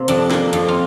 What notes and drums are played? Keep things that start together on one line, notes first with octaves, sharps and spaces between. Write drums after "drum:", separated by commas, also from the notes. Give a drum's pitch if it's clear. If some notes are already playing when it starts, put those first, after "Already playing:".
Already playing: C3 A#3
F2 D4, drum: hi-hat
A#3, drum: snare
F2, drum: hi-hat
F4